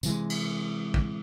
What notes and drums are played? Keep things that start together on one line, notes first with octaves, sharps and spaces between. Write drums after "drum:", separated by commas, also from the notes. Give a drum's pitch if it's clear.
C3 E3 G#3, drum: tambourine
drum: cymbal
drum: kick